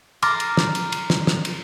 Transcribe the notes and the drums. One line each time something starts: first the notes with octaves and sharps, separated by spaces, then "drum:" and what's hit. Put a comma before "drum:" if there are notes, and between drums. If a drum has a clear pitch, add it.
A#5 C6 D6 F6 A6, drum: cymbal
drum: cymbal
drum: snare
drum: cymbal
drum: cymbal
drum: snare
drum: snare
drum: cymbal